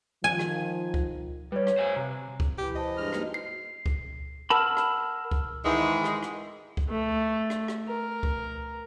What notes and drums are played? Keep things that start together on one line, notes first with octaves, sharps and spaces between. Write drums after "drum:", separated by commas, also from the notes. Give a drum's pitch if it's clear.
D#3 F3 G#5
drum: rim click
drum: kick C#2
G3 B4 C#5
drum: rim click
C5 F5 G#5
C3 A#5
drum: kick C#2
E3 G4
C5 D#5 A5
G2 G#3 F6 A#6
A#3 D#4 F#4, drum: rim click
C7
drum: kick C#2
A#4 F#5 A5 B5 E6 F6
drum: rim click
drum: kick C#2
G#2 D#3 E3 G#3
drum: rim click
drum: rim click
drum: kick C#2
A3
drum: rim click
drum: rim click
A#4
drum: kick C#2